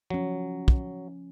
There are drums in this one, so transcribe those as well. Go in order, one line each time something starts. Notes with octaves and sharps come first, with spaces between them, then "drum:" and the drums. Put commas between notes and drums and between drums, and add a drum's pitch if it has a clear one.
F3 F#3 C#4
drum: kick